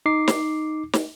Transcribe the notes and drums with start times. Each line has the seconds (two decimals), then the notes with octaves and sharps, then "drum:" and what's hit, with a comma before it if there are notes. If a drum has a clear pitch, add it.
0.06 D#4 D6 C7
0.28 drum: snare
0.93 drum: snare